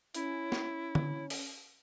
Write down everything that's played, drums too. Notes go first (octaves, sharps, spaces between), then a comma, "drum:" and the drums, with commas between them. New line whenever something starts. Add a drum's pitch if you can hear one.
C#4 E4, drum: hi-hat
drum: snare
drum: tom D3
drum: open hi-hat